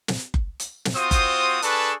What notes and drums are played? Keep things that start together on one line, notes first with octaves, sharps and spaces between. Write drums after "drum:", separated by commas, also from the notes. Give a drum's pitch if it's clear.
drum: snare
drum: kick F#1
drum: hi-hat
drum: snare
C4 F4 F#4 C5 D#6
drum: kick F#1, hi-hat
D4 G#4 A4 B4 A5 C#6, drum: hi-hat